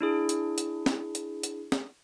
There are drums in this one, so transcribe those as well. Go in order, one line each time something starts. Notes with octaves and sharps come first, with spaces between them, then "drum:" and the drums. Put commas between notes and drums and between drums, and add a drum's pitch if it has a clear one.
D4 E4 G#4
drum: hi-hat
drum: hi-hat
drum: snare
drum: hi-hat
drum: hi-hat
drum: snare